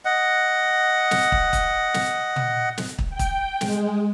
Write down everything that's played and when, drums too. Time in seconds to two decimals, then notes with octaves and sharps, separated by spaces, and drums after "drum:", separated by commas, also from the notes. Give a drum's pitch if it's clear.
0.05 D#5 F#5
1.11 drum: snare
1.32 drum: kick
1.53 drum: kick, hi-hat
1.94 drum: snare
2.36 drum: tom
2.78 drum: snare
2.99 drum: kick
3.10 G5
3.19 drum: kick, hi-hat
3.61 G#3, drum: snare